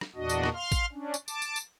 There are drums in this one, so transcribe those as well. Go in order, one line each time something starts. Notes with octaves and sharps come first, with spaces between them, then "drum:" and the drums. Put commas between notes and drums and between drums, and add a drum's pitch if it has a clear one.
drum: rim click
E2 A#2 D4 F#4 D#5
drum: tambourine
drum: rim click
F5 C6 F6
drum: kick A1, tambourine
C#4 D4
drum: tambourine
A5 D6, drum: tambourine
drum: tambourine
drum: tambourine